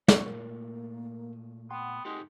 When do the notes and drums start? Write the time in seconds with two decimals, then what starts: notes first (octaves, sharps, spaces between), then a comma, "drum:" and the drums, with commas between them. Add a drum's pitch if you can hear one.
0.08 B3 C#4 E4 D5 C#6, drum: snare
0.27 A#2 A3 A#3 A#4
1.71 B3 F#5 G5 C6
2.05 G#3 D#4 G4 A4